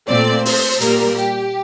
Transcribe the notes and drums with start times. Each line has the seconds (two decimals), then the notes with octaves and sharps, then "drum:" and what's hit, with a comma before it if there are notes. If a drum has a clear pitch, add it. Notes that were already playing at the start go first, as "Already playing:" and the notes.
0.09 A#2 A3 C4 D5
0.45 C5, drum: open hi-hat
0.81 A#2 G3 A#3 A#4, drum: hi-hat
1.17 G4